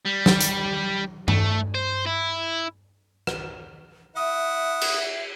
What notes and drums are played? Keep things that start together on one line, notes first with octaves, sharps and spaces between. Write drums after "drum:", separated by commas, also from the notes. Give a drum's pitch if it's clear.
G3
drum: snare
drum: hi-hat
A3, drum: tom G2
C5
E4
drum: rim click
E4 E5 F#5 D#6
drum: cymbal